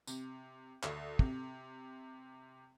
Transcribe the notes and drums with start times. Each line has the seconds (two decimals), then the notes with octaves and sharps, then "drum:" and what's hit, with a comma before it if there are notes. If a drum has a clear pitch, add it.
0.07 C3, drum: tambourine
0.83 D2, drum: clap
1.19 C3, drum: kick